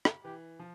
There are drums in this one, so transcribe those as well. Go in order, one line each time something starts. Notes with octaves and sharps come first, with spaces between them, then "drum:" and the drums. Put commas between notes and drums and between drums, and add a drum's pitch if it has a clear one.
drum: rim click
E3 G4
F3